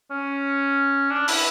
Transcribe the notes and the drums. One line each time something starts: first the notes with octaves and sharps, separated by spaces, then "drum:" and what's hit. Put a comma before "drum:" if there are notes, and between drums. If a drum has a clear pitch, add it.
C#4
D4
E4, drum: open hi-hat